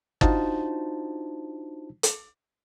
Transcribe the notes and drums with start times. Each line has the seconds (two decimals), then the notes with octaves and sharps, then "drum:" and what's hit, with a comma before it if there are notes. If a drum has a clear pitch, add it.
0.21 D4 D#4 F4 F#4 C5 A5, drum: kick G1
2.03 drum: hi-hat